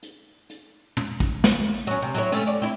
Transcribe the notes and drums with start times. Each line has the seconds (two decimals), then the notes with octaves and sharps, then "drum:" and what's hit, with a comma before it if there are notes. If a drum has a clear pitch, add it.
0.03 drum: hi-hat
0.50 drum: hi-hat
0.97 drum: tom
1.20 drum: kick
1.44 drum: snare
1.87 F#3 C#4
2.02 C3
2.14 F#3 E4 C#5
2.32 A3 C4 C#4
2.47 D5
2.62 C4 E4